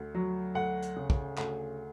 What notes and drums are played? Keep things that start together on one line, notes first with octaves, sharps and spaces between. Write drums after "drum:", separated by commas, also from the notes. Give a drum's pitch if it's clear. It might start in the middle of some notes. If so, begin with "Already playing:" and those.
Already playing: D2
F#3
D2 F#5
drum: hi-hat
C#3
drum: kick
D2, drum: clap